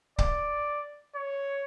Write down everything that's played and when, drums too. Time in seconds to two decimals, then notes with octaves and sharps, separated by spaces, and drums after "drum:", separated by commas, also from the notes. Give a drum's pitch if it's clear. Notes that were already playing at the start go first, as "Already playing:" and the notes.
0.18 D5, drum: kick C#1
1.15 C#5